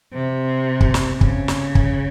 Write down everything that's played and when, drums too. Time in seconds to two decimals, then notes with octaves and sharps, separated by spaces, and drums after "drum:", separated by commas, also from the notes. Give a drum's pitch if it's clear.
0.13 C3
0.81 drum: kick
0.94 drum: snare
1.21 C#3, drum: kick
1.48 drum: snare
1.75 drum: kick